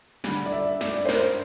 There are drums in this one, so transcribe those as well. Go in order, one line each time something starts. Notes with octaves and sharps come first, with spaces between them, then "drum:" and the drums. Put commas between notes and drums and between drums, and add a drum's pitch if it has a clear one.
D3 G3, drum: snare
D5
E5
D5, drum: snare
C5
A#4, drum: snare